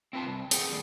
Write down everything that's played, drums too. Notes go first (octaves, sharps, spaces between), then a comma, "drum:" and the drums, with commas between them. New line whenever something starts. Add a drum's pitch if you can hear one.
C4 E4 F4 B4 A5 C6
C2
G#4 A4 B4 F#5 G5, drum: hi-hat
D#2 G3 G#4